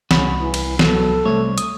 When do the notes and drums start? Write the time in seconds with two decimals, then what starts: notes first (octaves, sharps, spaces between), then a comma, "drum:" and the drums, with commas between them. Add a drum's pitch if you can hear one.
0.11 C2 C#3 F#4 B5, drum: snare
0.39 E3
0.54 drum: cymbal
0.79 B2 F#3 A4, drum: snare
1.26 C2 A3 C#5
1.58 D#6, drum: hi-hat